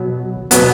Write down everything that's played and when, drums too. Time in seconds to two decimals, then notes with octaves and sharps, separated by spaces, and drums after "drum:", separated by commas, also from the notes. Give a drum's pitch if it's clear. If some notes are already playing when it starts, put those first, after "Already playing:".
Already playing: B2 F#3 B3
0.51 B2 F#3 B3, drum: hi-hat